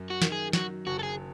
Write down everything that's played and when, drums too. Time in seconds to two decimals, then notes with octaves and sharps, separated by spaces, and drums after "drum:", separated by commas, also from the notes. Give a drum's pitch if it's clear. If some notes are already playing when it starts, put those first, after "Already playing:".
Already playing: F#2
0.10 F#4
0.22 D#3, drum: snare
0.32 G#4
0.53 F#3 F#4, drum: snare
0.86 F#1 F#4
0.99 A4
1.03 G#4